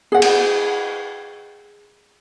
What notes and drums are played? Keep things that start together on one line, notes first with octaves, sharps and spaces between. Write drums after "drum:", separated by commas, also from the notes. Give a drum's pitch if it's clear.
G#4 F#5
drum: cymbal